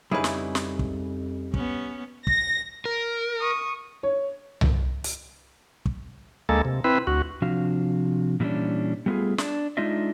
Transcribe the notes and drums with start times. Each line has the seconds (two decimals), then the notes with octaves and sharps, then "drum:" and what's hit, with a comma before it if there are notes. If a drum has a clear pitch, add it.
0.11 F2 C#3 G3 D#4 E4 G#4 B4
0.24 drum: snare
0.55 drum: snare
0.79 drum: kick
1.54 B3 C#4, drum: kick
2.27 A#6, drum: kick
2.85 A#4
3.41 C#6 D#6
4.03 C#5
4.61 drum: tom C2
5.04 drum: hi-hat
5.86 drum: kick
6.49 D2 G#3 A#3 A4
6.65 C3
6.84 C4 E4 B4
7.07 D2 F#4
7.42 C3 F3 D4 F#4 F5
8.40 A#2 E3 G3 A#3 C#4 D4
9.06 G3 A3 B3 E4 F4 G#4
9.38 D4, drum: snare
9.77 G#3 D4 D#4 F4 D#5 E5